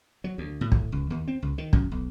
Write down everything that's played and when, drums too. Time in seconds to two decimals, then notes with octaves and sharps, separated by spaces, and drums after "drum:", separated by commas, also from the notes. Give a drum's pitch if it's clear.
0.24 F#3
0.38 D2
0.61 A2
0.72 drum: kick
0.92 C#2
1.10 D#2
1.28 C4
1.42 C#2
1.58 D#3
1.73 F#2, drum: kick
1.91 B1